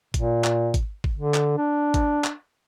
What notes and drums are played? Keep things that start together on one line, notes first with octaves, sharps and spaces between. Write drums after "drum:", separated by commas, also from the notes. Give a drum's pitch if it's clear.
A#2, drum: kick, hi-hat
drum: clap
drum: kick, hi-hat
drum: kick
D3
drum: clap
D4
drum: kick, hi-hat
drum: clap